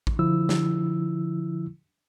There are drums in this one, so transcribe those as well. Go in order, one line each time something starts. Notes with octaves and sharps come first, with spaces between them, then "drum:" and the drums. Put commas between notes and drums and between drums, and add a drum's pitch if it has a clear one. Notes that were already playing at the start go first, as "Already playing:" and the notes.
drum: kick
D3 F3 E4 E6
drum: snare